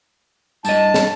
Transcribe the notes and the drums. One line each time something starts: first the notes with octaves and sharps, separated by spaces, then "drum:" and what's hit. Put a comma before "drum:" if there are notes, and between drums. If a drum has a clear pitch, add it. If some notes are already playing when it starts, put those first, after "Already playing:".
G2 D#5 A5, drum: tambourine
drum: snare